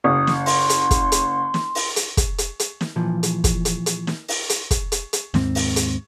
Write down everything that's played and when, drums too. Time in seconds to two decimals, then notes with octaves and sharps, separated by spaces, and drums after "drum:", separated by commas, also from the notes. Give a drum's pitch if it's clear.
0.04 F#1 D#6
0.27 drum: snare
0.46 C6, drum: open hi-hat
0.70 drum: hi-hat
0.91 drum: kick, hi-hat
1.12 drum: hi-hat
1.54 drum: snare
1.75 drum: open hi-hat
1.96 drum: hi-hat
2.17 drum: kick, hi-hat
2.38 drum: hi-hat
2.59 drum: hi-hat
2.81 drum: snare
2.96 A#2 E3 F3
3.23 drum: hi-hat
3.44 drum: kick, hi-hat
3.65 drum: hi-hat
3.86 drum: hi-hat
4.07 drum: snare
4.28 drum: open hi-hat
4.49 drum: hi-hat
4.71 drum: kick, hi-hat
4.92 drum: hi-hat
5.13 drum: hi-hat
5.34 D#2 G#2 C4, drum: snare
5.55 drum: open hi-hat
5.76 drum: hi-hat